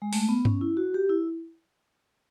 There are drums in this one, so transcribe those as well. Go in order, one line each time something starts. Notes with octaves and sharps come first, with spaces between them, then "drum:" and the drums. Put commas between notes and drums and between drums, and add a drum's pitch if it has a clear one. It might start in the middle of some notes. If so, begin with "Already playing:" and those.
G#3
A3, drum: open hi-hat
B3
C#4, drum: tom G2
E4
F#4
G4
E4